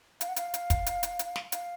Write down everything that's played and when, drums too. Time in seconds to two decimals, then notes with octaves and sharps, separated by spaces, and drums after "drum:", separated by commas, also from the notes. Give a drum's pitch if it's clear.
0.21 F5, drum: hi-hat
0.29 F#5
0.36 F5, drum: hi-hat
0.54 drum: hi-hat
0.70 drum: kick, hi-hat
0.86 drum: hi-hat
1.03 drum: hi-hat
1.19 drum: hi-hat
1.36 drum: snare
1.52 F5, drum: hi-hat